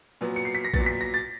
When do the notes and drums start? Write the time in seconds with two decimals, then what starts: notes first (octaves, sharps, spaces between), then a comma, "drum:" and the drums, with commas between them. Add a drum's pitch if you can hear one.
0.21 A#2 F#3 B3
0.36 C#7
0.45 C7
0.55 B6
0.64 A#6
0.74 A#2 F#3 B3 A6, drum: kick A#1
0.86 B6
1.01 A#6
1.14 A6